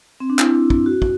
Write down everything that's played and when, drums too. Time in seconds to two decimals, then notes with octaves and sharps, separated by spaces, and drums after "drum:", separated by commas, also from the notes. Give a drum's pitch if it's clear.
0.20 C4
0.30 D4
0.39 E4, drum: clap
0.70 drum: kick
0.86 F#4
1.02 drum: kick